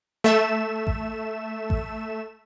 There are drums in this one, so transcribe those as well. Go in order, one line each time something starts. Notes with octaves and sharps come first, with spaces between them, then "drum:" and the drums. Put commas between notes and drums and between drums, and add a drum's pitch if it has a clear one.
A3 E5 E7
drum: kick A1
drum: kick A1